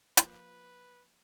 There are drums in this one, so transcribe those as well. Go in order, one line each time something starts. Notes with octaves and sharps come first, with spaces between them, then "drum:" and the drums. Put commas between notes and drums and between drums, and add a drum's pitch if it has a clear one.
F3 A#3 B4 C5, drum: hi-hat